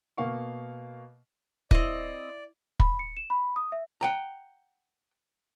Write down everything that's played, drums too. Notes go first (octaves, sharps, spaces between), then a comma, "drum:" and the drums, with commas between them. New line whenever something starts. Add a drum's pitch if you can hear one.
B2 A#3 F5 C#6
C4 E4 D5 D#5, drum: kick
B5, drum: kick
C#7
E7
B5
D#6
E5
F#5 G5 A#5